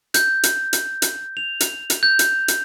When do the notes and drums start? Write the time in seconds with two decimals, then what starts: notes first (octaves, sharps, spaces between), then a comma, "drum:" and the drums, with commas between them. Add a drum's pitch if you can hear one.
0.14 G6, drum: hi-hat
0.43 drum: hi-hat
0.73 drum: hi-hat
1.02 drum: hi-hat
1.37 F7
1.60 drum: hi-hat
1.90 drum: hi-hat
2.03 G6
2.19 drum: hi-hat
2.48 drum: hi-hat